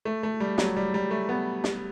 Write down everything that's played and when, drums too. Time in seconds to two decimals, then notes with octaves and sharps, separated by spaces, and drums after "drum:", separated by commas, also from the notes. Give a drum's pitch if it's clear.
0.05 A3
0.23 A3
0.40 G3
0.58 F#3, drum: snare
0.77 G3
0.94 G3
1.11 A3
1.29 B3
1.64 drum: snare